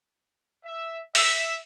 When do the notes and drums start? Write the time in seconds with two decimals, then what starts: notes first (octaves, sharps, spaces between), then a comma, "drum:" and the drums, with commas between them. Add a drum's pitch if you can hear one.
0.65 E5
1.15 E5, drum: open hi-hat